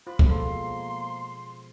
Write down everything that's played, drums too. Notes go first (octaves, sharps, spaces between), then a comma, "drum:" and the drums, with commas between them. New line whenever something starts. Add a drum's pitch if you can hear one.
F4 C5 B5
drum: kick
B2 F3 G#3 A#3 A4 C6